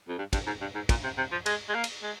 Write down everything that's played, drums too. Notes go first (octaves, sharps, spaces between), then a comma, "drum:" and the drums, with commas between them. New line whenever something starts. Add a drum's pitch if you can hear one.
F2
G2
G2, drum: kick, cymbal
G#2
G2
G#2
A#2, drum: kick, cymbal
C3
C3
F3
G#3, drum: cymbal
G#3
A#3
drum: cymbal
G#3